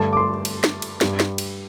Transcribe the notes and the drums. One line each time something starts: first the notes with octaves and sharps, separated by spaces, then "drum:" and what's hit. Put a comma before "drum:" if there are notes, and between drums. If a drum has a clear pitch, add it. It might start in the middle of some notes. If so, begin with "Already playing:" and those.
Already playing: G2 D3 A3 A5
D6
C6
drum: cymbal
drum: snare
drum: cymbal
G2 G3, drum: snare
drum: snare
drum: cymbal